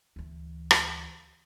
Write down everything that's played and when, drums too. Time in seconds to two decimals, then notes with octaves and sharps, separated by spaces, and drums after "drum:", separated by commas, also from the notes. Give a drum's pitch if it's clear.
0.16 D2 E3
0.71 drum: rim click